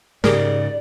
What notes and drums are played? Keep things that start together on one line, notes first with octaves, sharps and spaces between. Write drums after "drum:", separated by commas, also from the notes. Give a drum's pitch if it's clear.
G#2 C#3 G4 G#4 A#4 D5, drum: snare